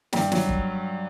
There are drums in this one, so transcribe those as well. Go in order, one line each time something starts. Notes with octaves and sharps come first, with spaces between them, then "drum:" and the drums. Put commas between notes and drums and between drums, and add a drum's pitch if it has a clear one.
G2 G4, drum: snare
F#3, drum: snare
drum: kick